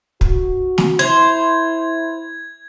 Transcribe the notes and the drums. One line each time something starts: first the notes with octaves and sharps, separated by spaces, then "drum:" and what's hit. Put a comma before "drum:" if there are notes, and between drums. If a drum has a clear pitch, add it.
F#4, drum: kick
drum: snare
E4 C5 G#6